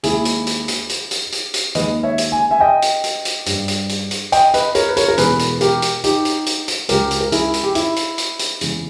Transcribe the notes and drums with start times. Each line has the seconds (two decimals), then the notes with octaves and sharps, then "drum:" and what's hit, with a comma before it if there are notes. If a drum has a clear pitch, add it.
0.03 D#2 D#3 G#3 E4 G#4, drum: hi-hat
0.25 drum: hi-hat
0.47 drum: hi-hat
0.68 drum: hi-hat
0.89 drum: hi-hat
1.11 drum: hi-hat
1.32 drum: hi-hat
1.54 drum: hi-hat
1.75 D#2 D#3 G#3 B4 D#5, drum: hi-hat
2.03 C#5 E5
2.18 drum: hi-hat
2.32 G#5
2.51 E5 G#5
2.60 D#5 G5
2.82 drum: hi-hat
3.04 drum: hi-hat
3.25 drum: hi-hat
3.46 G2 G3, drum: hi-hat
3.68 drum: hi-hat
3.89 drum: hi-hat
4.11 drum: hi-hat
4.32 D#5 G5, drum: hi-hat
4.54 B4 D#5, drum: hi-hat
4.75 A#4 C#5, drum: hi-hat
4.89 B4
4.97 A#4 C#5, drum: hi-hat
5.08 A#4
5.18 E2 B2 G#3 G#4 B4, drum: hi-hat
5.39 drum: hi-hat
5.61 G4 A#4, drum: hi-hat
5.82 drum: hi-hat
6.04 D#4 G4, drum: hi-hat
6.25 drum: hi-hat
6.46 drum: hi-hat
6.68 drum: hi-hat
6.89 C#2 C#3 G#3 G4 A#4, drum: hi-hat
7.11 drum: hi-hat
7.21 A#4
7.32 E4 G#4, drum: hi-hat
7.54 drum: hi-hat
7.64 G4
7.75 E4, drum: hi-hat
7.96 drum: hi-hat
8.18 drum: hi-hat
8.39 drum: hi-hat
8.61 E2 C#3 G#3, drum: hi-hat